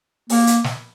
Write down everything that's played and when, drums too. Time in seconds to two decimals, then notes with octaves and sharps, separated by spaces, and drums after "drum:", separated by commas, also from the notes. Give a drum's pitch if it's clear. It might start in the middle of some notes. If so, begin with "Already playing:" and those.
0.30 A#3, drum: open hi-hat
0.47 drum: hi-hat
0.64 drum: snare